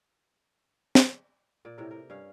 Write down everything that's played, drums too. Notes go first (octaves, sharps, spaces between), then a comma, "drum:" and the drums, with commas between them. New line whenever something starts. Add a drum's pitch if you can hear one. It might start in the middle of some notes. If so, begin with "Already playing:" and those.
drum: snare
A#2 D5
A2 C3 A#4
A#4
G2 C#4 F5